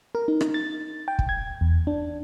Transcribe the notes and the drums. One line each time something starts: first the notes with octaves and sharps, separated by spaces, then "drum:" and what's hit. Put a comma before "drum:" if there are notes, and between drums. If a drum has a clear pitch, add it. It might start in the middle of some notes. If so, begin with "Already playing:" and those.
A#4
D#4
drum: rim click
A6
G5
drum: kick
G#6
E2
D4